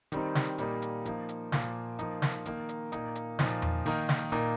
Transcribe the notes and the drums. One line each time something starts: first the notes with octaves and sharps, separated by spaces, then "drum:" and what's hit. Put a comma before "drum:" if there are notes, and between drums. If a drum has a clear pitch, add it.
D#3 G3 C4 D#4, drum: hi-hat
drum: snare
A#2 G3 A#3 D#4, drum: hi-hat
drum: hi-hat
F3 A#3 D#4, drum: hi-hat
drum: hi-hat
A#2 F3 A#3, drum: snare
F3 A#3 D#4, drum: hi-hat
drum: snare
D#3 A#3 D#4, drum: hi-hat
drum: hi-hat
A#2 A#3 D#4, drum: hi-hat
drum: hi-hat
A#2 F3 D#4, drum: snare
drum: tom E2
D#3 A#3 D#4, drum: hi-hat
drum: snare
A#2 A#3 D#4, drum: hi-hat